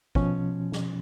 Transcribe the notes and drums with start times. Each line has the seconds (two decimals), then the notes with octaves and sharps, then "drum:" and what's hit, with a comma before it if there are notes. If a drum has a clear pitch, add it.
0.15 B2 F3 C#4, drum: kick
0.72 drum: snare